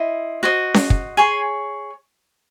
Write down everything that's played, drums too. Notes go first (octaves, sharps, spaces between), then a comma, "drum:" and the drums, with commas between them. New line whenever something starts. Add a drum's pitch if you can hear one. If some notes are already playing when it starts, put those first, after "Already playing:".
Already playing: E4 C5 D#5
F#4 C5 D#5
drum: snare C#4
drum: kick
G#4 C#5 G#5 C6